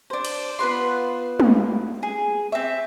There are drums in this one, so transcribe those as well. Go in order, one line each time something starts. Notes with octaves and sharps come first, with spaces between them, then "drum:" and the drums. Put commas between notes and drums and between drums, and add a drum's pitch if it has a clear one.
D4 C5
drum: cymbal
B3 F4 B4 C6
drum: tom
G#4
C4 E5